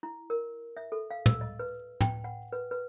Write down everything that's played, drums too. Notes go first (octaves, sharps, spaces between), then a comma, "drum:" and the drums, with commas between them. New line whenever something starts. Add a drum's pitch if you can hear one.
E4
A#4
E5
A4
F5
E6, drum: tom
D#5
B4
G5, drum: tom
F#5
B4
B4